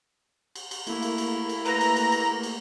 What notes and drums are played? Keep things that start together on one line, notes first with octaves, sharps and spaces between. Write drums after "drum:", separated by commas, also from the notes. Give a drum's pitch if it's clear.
drum: cymbal
drum: cymbal
A3 A#3 E4, drum: cymbal
drum: cymbal
drum: cymbal
drum: cymbal
B4 A#5, drum: cymbal
drum: cymbal
drum: cymbal
drum: cymbal
drum: cymbal